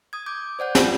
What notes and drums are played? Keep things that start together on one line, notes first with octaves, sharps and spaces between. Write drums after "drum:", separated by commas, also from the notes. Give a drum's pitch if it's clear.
D#6 G#6
D6 G6
C5 D5 F#5 G6
F4, drum: snare